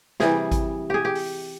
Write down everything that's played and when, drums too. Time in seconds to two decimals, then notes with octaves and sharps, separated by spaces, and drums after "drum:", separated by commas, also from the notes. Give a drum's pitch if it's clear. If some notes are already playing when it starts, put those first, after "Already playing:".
0.20 C3 E3 G3 G#4, drum: snare
0.52 drum: kick G#1, hi-hat
0.90 G4 G#4
1.05 G4
1.15 drum: open hi-hat